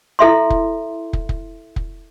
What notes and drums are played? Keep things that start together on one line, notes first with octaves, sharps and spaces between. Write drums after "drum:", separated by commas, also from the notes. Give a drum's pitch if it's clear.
E4 A4 E5 C6
drum: kick
drum: kick
drum: kick
drum: kick